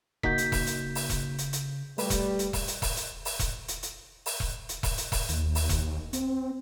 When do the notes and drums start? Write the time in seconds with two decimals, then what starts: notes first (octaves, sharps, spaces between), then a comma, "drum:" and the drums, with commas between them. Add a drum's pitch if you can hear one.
0.23 C#3 A#3 D#4 F#4 G6 B6, drum: kick E1
0.38 drum: hi-hat
0.52 drum: kick E1, open hi-hat
0.67 drum: hi-hat
0.95 drum: open hi-hat
1.10 drum: kick E1, hi-hat
1.38 drum: hi-hat
1.53 drum: hi-hat
1.98 G3 A3 B4, drum: open hi-hat
2.10 drum: kick E1, hi-hat
2.39 drum: hi-hat
2.53 drum: kick E1, open hi-hat
2.68 drum: hi-hat
2.82 drum: kick E1, open hi-hat
2.96 drum: hi-hat
3.25 drum: open hi-hat
3.40 drum: kick E1, hi-hat
3.68 drum: hi-hat
3.83 drum: hi-hat
4.26 drum: open hi-hat
4.40 drum: kick E1
4.69 drum: hi-hat
4.83 drum: kick E1, open hi-hat
4.98 drum: hi-hat
5.12 drum: kick E1, open hi-hat
5.29 D#2, drum: hi-hat
5.55 drum: open hi-hat
5.69 drum: kick E1, hi-hat
6.13 C4, drum: hi-hat